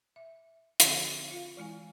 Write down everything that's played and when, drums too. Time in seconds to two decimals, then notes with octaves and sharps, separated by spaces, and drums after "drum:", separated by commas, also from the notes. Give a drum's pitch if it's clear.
0.16 E5
0.80 D3 F3 C4 F#4, drum: hi-hat
1.31 F4 F5
1.57 E3 G#3 E4 G#5